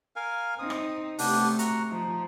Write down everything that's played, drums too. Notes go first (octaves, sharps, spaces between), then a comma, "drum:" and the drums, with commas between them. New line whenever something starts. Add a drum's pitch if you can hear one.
A#4 F5 G#5
C4 D#4 D#6
drum: rim click
C3 A3 B3 D4 G4, drum: open hi-hat
F#4 F#5 A#5, drum: hi-hat
F3 D#4